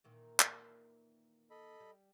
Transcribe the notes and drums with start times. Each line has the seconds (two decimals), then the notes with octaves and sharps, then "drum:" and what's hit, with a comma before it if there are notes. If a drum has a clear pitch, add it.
0.04 A#2 D#3 E3
0.40 drum: clap
1.50 A4 D#5 B5
1.80 G3